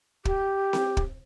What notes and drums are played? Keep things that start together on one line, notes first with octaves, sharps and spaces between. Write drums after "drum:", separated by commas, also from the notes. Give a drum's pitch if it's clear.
G4, drum: kick
drum: snare C4
drum: kick